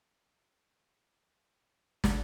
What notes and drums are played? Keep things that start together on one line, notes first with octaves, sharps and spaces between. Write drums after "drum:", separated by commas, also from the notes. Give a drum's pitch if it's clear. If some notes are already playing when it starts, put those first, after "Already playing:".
Already playing: D3
D#3
G2
E3
G2 F3
F#3
F3
E3
D3
D3
G#2 D#3
G#2
drum: snare